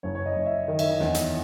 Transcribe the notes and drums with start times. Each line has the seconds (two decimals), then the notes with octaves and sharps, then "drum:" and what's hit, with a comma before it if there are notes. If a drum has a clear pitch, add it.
0.03 F#1 C#5
0.15 C#5
0.26 D#5
0.36 F#1
0.46 E5
0.68 D#3 D#5
0.79 E5, drum: cymbal
0.90 D#5
1.00 E2, drum: snare
1.14 drum: hi-hat